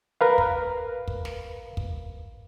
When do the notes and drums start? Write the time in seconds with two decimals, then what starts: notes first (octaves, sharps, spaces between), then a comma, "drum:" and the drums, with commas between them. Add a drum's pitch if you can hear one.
0.21 A#4 B4 F5
0.38 drum: kick
1.08 drum: kick
1.25 drum: snare
1.77 drum: kick